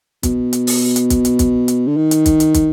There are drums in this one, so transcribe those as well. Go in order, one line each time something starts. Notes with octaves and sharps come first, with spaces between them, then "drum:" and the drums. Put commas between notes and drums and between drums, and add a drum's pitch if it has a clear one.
B2, drum: kick, hi-hat
drum: hi-hat
drum: open hi-hat
drum: hi-hat
drum: kick, hi-hat
drum: hi-hat
drum: kick, hi-hat
drum: hi-hat
D3
D#3
drum: hi-hat
drum: kick, hi-hat
drum: hi-hat
drum: kick, hi-hat